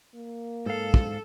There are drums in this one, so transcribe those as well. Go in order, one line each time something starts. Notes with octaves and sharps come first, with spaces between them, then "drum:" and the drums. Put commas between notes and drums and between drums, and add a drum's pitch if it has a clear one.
A#3
G#2 A4 F5
drum: kick